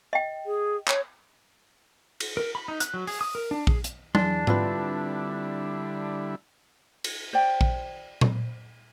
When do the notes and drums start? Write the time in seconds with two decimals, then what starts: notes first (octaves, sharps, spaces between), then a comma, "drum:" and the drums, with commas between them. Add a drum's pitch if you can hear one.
0.13 D#5 G5
0.46 G#4
0.88 C#5, drum: clap
2.20 drum: cymbal
2.37 A#4
2.55 B5
2.68 D#4
2.80 F#6, drum: hi-hat
2.94 F#3
3.07 G#4, drum: open hi-hat
3.21 D#6
3.35 A#4
3.51 D4
3.67 G#4, drum: kick A#1
3.84 drum: hi-hat
4.15 E2 D4 C6, drum: tom F#3
4.47 D3 G3 C4 E4 F4 B4, drum: tom G#2
7.04 drum: cymbal
7.33 C5 D5 G5
7.61 drum: kick A#1
8.21 drum: tom A#2